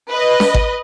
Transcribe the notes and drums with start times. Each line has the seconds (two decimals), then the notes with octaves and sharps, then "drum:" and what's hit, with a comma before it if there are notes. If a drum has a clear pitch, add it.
0.11 B4 D#5
0.40 drum: snare
0.54 drum: kick G#1